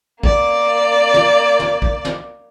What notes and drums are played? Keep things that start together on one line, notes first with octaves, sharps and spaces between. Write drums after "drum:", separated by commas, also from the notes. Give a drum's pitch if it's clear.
A#3 D5, drum: kick
drum: snare
drum: snare
drum: kick
drum: snare